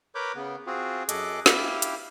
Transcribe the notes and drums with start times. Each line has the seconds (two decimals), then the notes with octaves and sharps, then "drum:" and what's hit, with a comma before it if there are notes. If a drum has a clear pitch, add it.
0.15 A#4 B4 C#5 B5 D6 G6
0.35 C#3 B3
0.67 C4 F4 F#4 G#4
1.09 F#2 G#4 A4 D#5 D6 F#6, drum: hi-hat
1.46 E4 G4 F5, drum: snare
1.82 drum: hi-hat